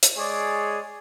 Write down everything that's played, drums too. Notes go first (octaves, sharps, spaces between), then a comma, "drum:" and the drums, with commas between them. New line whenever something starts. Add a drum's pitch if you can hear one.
drum: hi-hat
G#3 G#4 C#5 D5